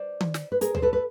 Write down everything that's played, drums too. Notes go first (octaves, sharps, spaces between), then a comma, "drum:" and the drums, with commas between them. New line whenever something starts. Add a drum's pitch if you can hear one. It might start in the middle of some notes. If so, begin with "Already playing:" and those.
Already playing: C5 D5
drum: tom D#3
drum: snare
B4
G#4 A#4, drum: hi-hat
C5, drum: tom D2
A4 B4
B4